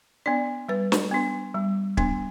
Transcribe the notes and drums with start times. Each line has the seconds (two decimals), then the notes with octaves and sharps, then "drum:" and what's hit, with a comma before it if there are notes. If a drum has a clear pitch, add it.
0.26 B3 D4 D5
0.69 G3 B4
0.92 drum: snare
1.11 B3 D4
1.54 G3
1.97 B3 D4, drum: kick